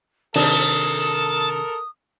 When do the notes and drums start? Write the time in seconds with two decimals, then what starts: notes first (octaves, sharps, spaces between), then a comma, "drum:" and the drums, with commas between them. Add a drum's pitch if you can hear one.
0.36 C3 D#3 D4 A4 A#4 A5 D#6, drum: open hi-hat